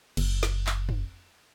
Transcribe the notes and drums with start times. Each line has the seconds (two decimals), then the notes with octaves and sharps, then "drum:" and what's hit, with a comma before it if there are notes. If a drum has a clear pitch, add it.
0.17 F#1, drum: cymbal
0.43 drum: snare
0.67 drum: clap
0.89 drum: tom